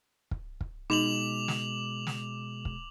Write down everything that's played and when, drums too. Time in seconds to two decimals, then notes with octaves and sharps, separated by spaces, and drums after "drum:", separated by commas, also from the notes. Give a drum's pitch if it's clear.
0.31 drum: kick
0.61 drum: kick
0.90 B2 G#3 D#4 D6 F7 F#7
1.48 drum: snare
2.07 drum: snare
2.65 drum: kick